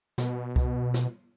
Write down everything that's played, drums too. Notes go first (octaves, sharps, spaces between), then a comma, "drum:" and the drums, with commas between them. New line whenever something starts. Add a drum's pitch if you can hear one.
B2, drum: snare
drum: kick C2
drum: snare